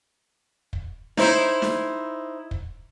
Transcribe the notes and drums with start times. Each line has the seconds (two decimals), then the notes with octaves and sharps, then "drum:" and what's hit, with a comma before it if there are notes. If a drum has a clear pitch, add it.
0.73 drum: kick
1.17 D#4 E4 C5, drum: snare
1.62 drum: snare
2.51 drum: kick